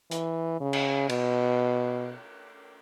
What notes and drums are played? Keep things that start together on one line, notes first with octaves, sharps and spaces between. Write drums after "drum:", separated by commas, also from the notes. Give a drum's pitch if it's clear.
E3, drum: hi-hat
C#3
drum: cymbal
B2, drum: cymbal